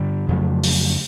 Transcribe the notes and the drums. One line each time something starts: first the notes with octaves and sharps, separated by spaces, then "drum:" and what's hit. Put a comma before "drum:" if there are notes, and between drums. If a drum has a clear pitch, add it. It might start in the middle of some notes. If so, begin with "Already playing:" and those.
Already playing: G2 D3 G3
F2 C#3 F#3 A3
drum: open hi-hat